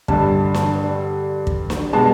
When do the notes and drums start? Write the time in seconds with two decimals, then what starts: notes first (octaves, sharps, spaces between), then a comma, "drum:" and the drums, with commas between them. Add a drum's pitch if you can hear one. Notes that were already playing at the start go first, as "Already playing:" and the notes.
0.08 G2 D3 G3 A5, drum: kick
0.54 drum: snare
1.47 drum: kick
1.70 drum: snare
1.93 B2 G#3 A5